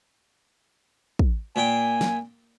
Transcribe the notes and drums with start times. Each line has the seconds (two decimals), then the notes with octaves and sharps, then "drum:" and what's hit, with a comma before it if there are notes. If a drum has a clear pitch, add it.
1.19 drum: kick
1.56 A#2 G5 G#5
2.01 drum: snare